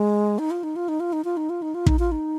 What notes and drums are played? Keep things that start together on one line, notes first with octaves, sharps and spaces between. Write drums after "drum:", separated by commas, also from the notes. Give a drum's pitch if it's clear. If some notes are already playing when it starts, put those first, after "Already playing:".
Already playing: G#3
D#4
F4
D#4
F4
D#4
F4
D#4
F4
D#4
F4
D#4
F4
D#4, drum: kick
F4
D#4